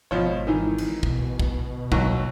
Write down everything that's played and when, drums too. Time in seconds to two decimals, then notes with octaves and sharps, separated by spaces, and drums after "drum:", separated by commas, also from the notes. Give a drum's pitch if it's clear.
0.11 G#1 B2 F3 C#5
0.47 D#3 E3 D#4
0.78 drum: cymbal
1.03 B2, drum: kick
1.39 drum: kick
1.92 D#2 F#3 C#6, drum: kick